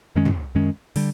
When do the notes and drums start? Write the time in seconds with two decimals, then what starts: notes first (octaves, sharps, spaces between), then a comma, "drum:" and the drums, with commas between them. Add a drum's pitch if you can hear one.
0.15 F#2 D#3 G#3 C#4
0.25 drum: tom
0.55 F#2 D#3 G#3 C#4
0.96 D3 G3, drum: open hi-hat